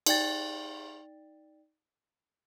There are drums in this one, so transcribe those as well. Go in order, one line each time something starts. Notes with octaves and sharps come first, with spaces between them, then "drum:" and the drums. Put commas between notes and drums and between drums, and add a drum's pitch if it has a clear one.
D#4 D5 G5 A6, drum: cymbal